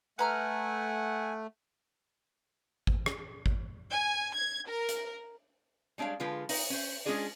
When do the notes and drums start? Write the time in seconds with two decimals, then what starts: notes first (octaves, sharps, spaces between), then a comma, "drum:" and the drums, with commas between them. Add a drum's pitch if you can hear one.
0.19 A3 B4 F#5 G#5 A#5 F6
2.87 drum: kick G#1
3.06 drum: rim click
3.46 drum: kick G#1
3.90 G#5
4.35 G#6
4.67 A#4
4.89 drum: hi-hat
5.98 G3 G#3 D4 C#5 F5
6.20 D3 F3 G#3 F4 B4
6.49 D#4, drum: open hi-hat
6.70 C#4 C5
7.06 G#3 C#4 D4 F4 G#4 D5